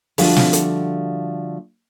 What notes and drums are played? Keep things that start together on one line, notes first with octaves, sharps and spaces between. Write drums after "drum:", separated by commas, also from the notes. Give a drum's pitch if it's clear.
D3 F3 G3 A3 F#4, drum: open hi-hat
drum: snare
drum: hi-hat